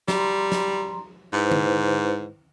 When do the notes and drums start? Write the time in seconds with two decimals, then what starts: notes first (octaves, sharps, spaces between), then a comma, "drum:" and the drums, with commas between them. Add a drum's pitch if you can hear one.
0.08 G3 A#5 C6, drum: snare
0.52 drum: snare
1.33 G#2 E4 B4 C5
1.51 drum: tom D3